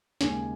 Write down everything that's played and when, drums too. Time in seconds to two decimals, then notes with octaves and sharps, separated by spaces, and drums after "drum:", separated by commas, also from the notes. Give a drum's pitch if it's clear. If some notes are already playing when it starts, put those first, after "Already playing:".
0.21 D#2 C#3 G#3 G#5, drum: snare